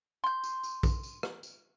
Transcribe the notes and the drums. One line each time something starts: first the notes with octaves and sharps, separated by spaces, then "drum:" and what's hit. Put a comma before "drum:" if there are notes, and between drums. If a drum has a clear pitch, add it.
C6 G6
drum: tambourine
drum: tambourine
drum: kick, tambourine
drum: tambourine
drum: rim click
drum: tambourine